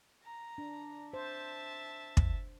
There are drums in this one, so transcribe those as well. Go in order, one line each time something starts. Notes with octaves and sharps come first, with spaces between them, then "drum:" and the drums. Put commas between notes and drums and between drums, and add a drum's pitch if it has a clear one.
A#5
D4
C5 E5 A5
drum: kick